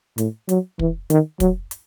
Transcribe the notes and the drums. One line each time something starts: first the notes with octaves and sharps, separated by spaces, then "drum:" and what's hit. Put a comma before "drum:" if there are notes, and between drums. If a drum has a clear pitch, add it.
A2, drum: hi-hat
F#3, drum: hi-hat
E3, drum: kick
D#3, drum: hi-hat
F#3, drum: kick, hi-hat
drum: hi-hat